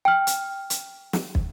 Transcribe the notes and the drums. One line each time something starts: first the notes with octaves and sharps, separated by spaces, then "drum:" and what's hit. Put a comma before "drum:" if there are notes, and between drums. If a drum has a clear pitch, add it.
G5 F6
drum: hi-hat
drum: hi-hat
drum: snare
drum: kick